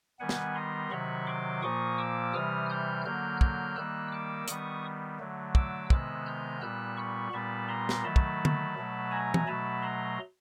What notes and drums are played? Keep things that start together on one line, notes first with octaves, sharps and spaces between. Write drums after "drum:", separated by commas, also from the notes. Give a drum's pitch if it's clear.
D#3 G3 B3 F#5 G#5
drum: snare
A#5 C6
C3 D#3 F#3 B5 C#6
C6 D6
A#2 F3 A#3 C#6 D#6
D6 E6
C3 E3 G3 D#6 F6
F6 G6
D3 F#3 A#3 F6 G6
F6 G6, drum: kick
D#3 G3 A#3 E6 F#6
D6 E6
D#3 G3 B3 C#6 D#6, drum: hi-hat
D3 F#3 A3
D6 E6, drum: kick
C3 D#3 G#3 B3 E6 F#6, drum: kick
F6 G6
A#2 G3 B3 E6 F#6
B5 C#6
A#2 G3 B3 A5 B5
A#5 C6
drum: snare
D#3 F#3 A3 A5 B5
drum: kick
drum: tom D3
B2 F#3 A3
G#5 A#5
drum: tom E3
B2 F#3 A3 A5 B5
A#5 C6